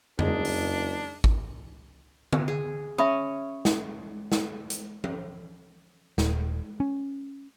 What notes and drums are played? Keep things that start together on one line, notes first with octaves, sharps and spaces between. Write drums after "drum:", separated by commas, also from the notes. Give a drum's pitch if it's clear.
F#1 G#3 D4 D#4, drum: tom F2
drum: open hi-hat
drum: kick G#1
drum: tom D3
G#4
C#4 E5 B5 D#6
drum: snare
drum: snare
drum: hi-hat
drum: tom F3
D#1, drum: snare
C#4